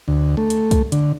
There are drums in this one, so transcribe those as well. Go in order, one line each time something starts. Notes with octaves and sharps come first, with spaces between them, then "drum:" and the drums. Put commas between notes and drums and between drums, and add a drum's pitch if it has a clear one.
D2
A3
drum: hi-hat
drum: kick, hi-hat
D3, drum: hi-hat